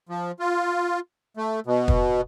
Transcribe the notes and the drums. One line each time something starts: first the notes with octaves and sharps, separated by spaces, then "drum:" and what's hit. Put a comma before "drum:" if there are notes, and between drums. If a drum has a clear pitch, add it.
F3
F4
A3
B2
drum: kick